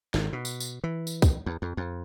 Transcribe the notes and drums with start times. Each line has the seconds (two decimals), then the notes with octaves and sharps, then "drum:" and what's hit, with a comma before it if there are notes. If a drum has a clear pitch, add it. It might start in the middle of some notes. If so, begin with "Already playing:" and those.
0.14 G#1, drum: snare
0.33 B2
0.45 drum: tambourine
0.60 drum: tambourine
0.84 E3
1.07 drum: tambourine
1.22 drum: kick, tambourine
1.46 E2
1.62 F2
1.77 F2